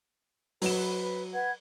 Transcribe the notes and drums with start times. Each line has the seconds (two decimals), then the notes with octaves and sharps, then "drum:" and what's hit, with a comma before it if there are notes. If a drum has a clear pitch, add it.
0.62 F#3 B4 E7, drum: open hi-hat
1.33 B4 F#5 G#6